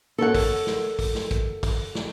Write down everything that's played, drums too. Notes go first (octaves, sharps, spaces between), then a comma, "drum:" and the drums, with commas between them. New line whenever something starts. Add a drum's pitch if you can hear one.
A4 A#4 C#5 F#5
drum: kick, open hi-hat
drum: snare
drum: kick, open hi-hat
drum: snare
drum: kick, hi-hat
drum: kick, open hi-hat
drum: snare